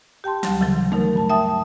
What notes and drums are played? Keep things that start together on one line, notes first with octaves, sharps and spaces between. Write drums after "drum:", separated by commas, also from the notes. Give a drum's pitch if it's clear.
G4 G5 A5 C6
D2 F#3 G3, drum: snare
C#3 E3 F#3, drum: tom
A3 D#4 A#4, drum: tom
G2 A5
E5 G5 A5 D#6